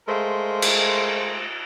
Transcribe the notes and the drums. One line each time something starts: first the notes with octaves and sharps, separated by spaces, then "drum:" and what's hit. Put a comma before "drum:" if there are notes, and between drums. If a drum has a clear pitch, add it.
G#3 A3 A#4 C5 F5
drum: cymbal